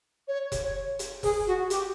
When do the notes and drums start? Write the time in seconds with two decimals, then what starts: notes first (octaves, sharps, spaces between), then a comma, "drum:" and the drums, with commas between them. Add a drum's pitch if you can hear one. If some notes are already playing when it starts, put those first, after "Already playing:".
0.28 C#5
0.52 drum: kick F1, hi-hat
0.64 C#5
0.99 drum: hi-hat
1.23 G#4, drum: kick F1, open hi-hat
1.47 F#4
1.70 G4, drum: hi-hat